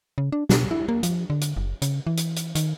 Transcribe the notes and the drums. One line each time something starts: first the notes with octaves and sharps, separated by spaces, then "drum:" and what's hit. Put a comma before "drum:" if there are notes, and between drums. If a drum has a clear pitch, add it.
C#3
D4
B2, drum: snare
E4
A#3
F3, drum: hi-hat
D3
drum: hi-hat
F#1
C#3, drum: hi-hat
E3
drum: hi-hat
drum: hi-hat
D#3, drum: hi-hat